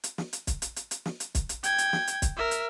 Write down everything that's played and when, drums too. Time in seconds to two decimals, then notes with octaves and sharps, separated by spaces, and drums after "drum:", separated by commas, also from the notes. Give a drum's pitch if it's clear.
0.04 drum: hi-hat
0.18 drum: snare
0.33 drum: hi-hat
0.47 drum: kick, hi-hat
0.62 drum: hi-hat
0.76 drum: hi-hat
0.91 drum: hi-hat
1.06 drum: snare
1.20 drum: hi-hat
1.35 drum: kick, hi-hat
1.49 drum: hi-hat
1.63 G5 G#6, drum: hi-hat
1.78 drum: hi-hat
1.93 drum: snare
2.07 drum: hi-hat
2.22 drum: kick, hi-hat
2.37 A#4 E5
2.51 drum: hi-hat